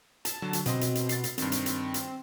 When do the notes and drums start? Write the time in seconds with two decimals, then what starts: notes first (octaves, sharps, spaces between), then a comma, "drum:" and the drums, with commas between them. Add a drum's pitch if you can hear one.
0.25 A5, drum: hi-hat
0.42 D3 F#3
0.53 drum: hi-hat
0.66 B2 C4 D#5 C6, drum: hi-hat
0.81 drum: hi-hat
0.95 drum: hi-hat
1.09 A6 C7, drum: hi-hat
1.24 drum: hi-hat
1.38 G2 D#3 C4, drum: hi-hat
1.52 drum: hi-hat
1.66 drum: hi-hat
1.94 drum: hi-hat